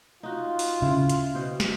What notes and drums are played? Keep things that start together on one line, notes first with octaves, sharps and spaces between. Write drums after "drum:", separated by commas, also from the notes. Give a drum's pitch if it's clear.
D#4 F4 F#4
drum: open hi-hat
C#3 E4
drum: hi-hat
B2 C5 G5
drum: snare